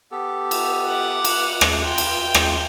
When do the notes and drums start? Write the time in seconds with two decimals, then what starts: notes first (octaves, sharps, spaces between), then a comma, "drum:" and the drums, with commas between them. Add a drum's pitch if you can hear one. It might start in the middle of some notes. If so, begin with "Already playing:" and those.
0.12 B3 G4 A4
0.51 drum: cymbal
0.88 F#5 D6
1.25 drum: cymbal
1.61 drum: rim click
1.83 F4 G5
1.98 drum: cymbal
2.34 drum: rim click